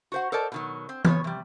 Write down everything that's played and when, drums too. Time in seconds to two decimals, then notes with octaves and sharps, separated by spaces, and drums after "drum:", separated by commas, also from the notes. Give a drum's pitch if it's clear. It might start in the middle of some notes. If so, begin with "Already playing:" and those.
0.12 F#4 C5 F#5
0.32 A4 A#4 C5 D5 D#5 A5
0.52 B2 D#3 F#3
0.89 C4
1.05 C#3 B3 B4 C#5, drum: tom
1.24 C3 G3